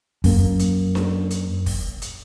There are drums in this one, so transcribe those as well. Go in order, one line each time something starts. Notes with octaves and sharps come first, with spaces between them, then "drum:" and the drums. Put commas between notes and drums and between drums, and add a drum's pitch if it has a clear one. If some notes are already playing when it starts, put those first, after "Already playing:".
F#2 A#3, drum: kick, open hi-hat
drum: hi-hat
drum: snare D4
drum: hi-hat
drum: kick, open hi-hat
drum: hi-hat